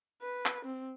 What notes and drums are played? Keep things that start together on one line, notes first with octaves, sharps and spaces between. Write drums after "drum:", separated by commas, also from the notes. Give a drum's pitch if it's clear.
B4
drum: clap
C4